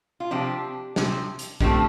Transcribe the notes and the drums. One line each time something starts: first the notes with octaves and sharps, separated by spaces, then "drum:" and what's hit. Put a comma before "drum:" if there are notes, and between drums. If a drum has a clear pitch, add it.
F4
C3 F3 C4 D4 G4
C3 F3 C4, drum: snare
drum: hi-hat
D3 F3 A3 C4 D4 G4, drum: kick